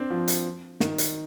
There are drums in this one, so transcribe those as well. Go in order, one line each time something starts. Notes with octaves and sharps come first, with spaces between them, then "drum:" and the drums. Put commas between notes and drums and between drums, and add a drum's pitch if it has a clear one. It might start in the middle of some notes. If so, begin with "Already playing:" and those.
Already playing: C4 D4
F3
drum: hi-hat
D#3, drum: snare
drum: hi-hat